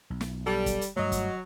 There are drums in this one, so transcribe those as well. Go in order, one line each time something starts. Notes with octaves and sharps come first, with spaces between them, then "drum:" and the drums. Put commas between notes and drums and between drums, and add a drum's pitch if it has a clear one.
B1
drum: snare
G3 A4
drum: kick, hi-hat
drum: hi-hat
G2 F#3 A3 C#5 D#5
drum: kick, hi-hat